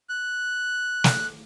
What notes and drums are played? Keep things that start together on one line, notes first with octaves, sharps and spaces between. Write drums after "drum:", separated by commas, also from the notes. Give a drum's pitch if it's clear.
F#6
drum: snare